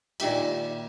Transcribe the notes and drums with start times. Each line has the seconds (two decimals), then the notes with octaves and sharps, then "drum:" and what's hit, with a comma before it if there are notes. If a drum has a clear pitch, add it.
0.20 A#2 D#3 G4 E5, drum: cymbal